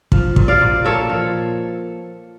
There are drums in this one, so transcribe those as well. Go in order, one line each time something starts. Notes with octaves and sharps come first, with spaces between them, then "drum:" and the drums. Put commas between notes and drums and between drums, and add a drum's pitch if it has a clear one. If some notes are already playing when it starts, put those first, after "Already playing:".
F3, drum: kick
A#2, drum: kick
D5 F5
A#2
A#3 A4 C#5
F3